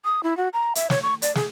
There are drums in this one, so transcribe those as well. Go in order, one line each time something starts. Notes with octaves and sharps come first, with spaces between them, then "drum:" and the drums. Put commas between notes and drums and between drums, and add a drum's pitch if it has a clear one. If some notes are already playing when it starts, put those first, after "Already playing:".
D#6
E4
F#4
A#5
E5, drum: hi-hat
C#5, drum: snare
C#6
D5, drum: hi-hat
G#4, drum: snare